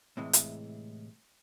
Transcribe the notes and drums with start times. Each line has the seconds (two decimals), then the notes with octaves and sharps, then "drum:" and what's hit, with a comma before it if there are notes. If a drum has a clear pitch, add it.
0.17 A2 C3 E3 G#3
0.33 drum: hi-hat